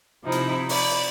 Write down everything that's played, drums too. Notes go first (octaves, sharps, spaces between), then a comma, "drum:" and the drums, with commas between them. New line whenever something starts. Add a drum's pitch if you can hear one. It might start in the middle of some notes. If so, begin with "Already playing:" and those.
C3 F3 D#4 E4
drum: hi-hat
D5 B5, drum: open hi-hat